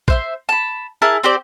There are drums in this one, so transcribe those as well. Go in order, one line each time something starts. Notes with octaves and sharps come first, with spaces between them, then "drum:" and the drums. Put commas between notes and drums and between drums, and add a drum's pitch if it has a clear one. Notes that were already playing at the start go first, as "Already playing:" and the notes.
C5 E5 C6, drum: kick
A5 B5
E4 G#4 A#4 A5
C4 G4 C5 D5